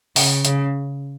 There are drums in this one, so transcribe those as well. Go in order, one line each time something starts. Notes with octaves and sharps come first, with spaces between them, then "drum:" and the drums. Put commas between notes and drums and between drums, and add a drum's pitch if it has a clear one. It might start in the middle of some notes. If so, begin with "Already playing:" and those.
C#3, drum: open hi-hat
C#3, drum: hi-hat